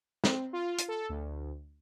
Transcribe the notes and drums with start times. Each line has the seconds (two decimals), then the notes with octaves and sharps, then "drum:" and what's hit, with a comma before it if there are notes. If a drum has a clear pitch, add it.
0.24 C4, drum: snare
0.53 F4
0.78 drum: hi-hat
0.88 A4
1.09 D2